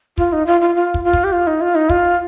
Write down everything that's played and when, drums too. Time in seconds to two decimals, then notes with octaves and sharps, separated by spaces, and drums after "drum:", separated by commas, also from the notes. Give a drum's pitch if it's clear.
0.18 F4, drum: kick
0.32 D#4
0.47 F4
0.61 F4
0.76 F4
0.94 drum: kick
1.04 F4
1.13 drum: kick
1.24 G4
1.32 F4
1.47 D#4
1.61 F4
1.75 D#4
1.89 F4, drum: kick